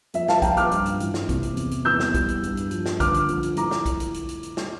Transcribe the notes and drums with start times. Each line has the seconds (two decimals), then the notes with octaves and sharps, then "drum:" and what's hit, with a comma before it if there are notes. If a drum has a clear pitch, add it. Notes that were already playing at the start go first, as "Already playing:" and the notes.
0.14 F2 E5, drum: hi-hat
0.28 F5 A5, drum: snare
0.42 F3 G5 A#5, drum: kick, hi-hat
0.57 D6 F6, drum: hi-hat
0.71 G2, drum: hi-hat
0.86 drum: hi-hat
1.00 A1, drum: hi-hat
1.14 drum: snare
1.29 C3, drum: kick, hi-hat
1.43 drum: hi-hat
1.57 E2, drum: hi-hat
1.71 drum: hi-hat
1.85 E2 E6 G6
2.00 drum: snare
2.14 G3, drum: kick, hi-hat
2.28 drum: hi-hat
2.43 G2, drum: hi-hat
2.57 drum: hi-hat
2.71 F3, drum: hi-hat
2.86 drum: snare
3.00 D3 D6 F6, drum: kick, hi-hat
3.14 drum: hi-hat
3.29 F2, drum: hi-hat
3.43 drum: hi-hat
3.56 A2 A#5 D6, drum: hi-hat
3.71 drum: snare
3.86 drum: kick, hi-hat
4.00 drum: hi-hat
4.14 drum: hi-hat
4.29 drum: hi-hat
4.43 drum: hi-hat
4.57 drum: snare